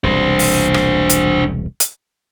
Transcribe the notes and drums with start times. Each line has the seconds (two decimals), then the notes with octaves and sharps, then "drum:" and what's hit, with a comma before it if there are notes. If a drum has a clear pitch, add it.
0.04 E1 C2 D4 C5
0.39 drum: open hi-hat
0.74 drum: rim click
1.10 drum: hi-hat
1.80 drum: hi-hat